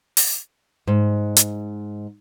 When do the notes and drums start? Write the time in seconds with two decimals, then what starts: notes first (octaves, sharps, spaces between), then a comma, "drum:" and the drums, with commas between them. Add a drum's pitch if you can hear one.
0.17 drum: open hi-hat
0.87 G#2
1.36 drum: hi-hat